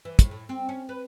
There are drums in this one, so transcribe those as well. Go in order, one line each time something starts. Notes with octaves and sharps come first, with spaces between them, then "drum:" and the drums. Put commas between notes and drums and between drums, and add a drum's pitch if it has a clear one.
E3
A2, drum: kick, hi-hat
A2
C4
C#4
B4